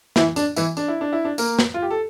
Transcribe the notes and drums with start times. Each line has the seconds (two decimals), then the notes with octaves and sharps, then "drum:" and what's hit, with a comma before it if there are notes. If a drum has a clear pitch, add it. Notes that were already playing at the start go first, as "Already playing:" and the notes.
0.16 E3 E4, drum: snare
0.36 D4, drum: tambourine
0.56 E3 E4, drum: tambourine
0.77 D4, drum: tambourine
0.88 E4
1.01 D4
1.13 E4
1.25 D4
1.38 A#3 A#4, drum: tambourine
1.59 drum: snare
1.74 F4
1.82 G4
1.90 A4